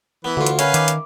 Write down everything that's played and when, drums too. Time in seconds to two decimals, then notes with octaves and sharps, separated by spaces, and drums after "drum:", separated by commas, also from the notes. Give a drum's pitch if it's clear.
0.25 E3 B3 B4
0.37 D2 D3 F4 F#5
0.46 drum: hi-hat
0.59 C#4 A#4 B4 E5 F5 G#5 B5, drum: hi-hat
0.74 D#3 D6, drum: hi-hat
0.88 drum: hi-hat